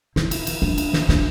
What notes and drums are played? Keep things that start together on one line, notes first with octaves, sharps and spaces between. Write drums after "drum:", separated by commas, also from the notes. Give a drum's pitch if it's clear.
E4, drum: snare
drum: cymbal
drum: cymbal
D4
drum: cymbal
drum: snare
D4, drum: snare